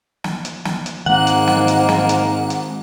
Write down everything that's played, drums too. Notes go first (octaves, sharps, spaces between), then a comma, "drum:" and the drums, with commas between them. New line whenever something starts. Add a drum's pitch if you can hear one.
drum: snare
drum: hi-hat
drum: snare
drum: hi-hat
G#2 D#3 G#3 A#3 C4 F#5
drum: hi-hat
drum: snare
drum: hi-hat
drum: snare
drum: hi-hat
drum: hi-hat